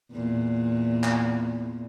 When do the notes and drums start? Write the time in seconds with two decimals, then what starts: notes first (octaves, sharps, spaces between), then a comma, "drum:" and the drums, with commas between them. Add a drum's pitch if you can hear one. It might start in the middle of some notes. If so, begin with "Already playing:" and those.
0.12 E2 A#2
1.04 drum: clap